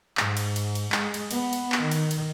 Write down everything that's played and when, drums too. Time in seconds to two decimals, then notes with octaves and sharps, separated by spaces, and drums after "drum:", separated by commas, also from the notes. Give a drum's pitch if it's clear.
0.17 G#2, drum: clap
0.37 drum: cymbal
0.56 drum: cymbal
0.75 drum: cymbal
0.92 G#3, drum: clap
1.14 drum: cymbal
1.31 B3, drum: cymbal
1.53 drum: cymbal
1.72 drum: clap
1.82 D#3
1.91 drum: cymbal
2.11 drum: cymbal